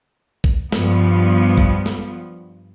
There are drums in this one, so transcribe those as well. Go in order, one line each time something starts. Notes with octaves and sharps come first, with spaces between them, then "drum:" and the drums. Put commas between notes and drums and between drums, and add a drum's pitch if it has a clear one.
drum: kick A1
G2 F3 B3, drum: snare
drum: kick A1
drum: snare